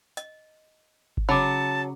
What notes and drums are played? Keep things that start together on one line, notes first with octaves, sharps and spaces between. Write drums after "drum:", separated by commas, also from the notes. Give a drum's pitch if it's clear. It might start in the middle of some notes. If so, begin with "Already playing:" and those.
D#5, drum: hi-hat
drum: kick G1
C#3 F#3 A5 B5 D6